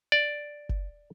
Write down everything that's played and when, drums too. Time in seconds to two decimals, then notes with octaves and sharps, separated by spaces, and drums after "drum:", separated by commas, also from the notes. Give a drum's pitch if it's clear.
0.12 D5
0.69 drum: kick F#1